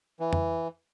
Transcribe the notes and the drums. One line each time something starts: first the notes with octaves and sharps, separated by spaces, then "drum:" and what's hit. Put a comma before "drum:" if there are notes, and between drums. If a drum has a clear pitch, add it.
E3
drum: tom F2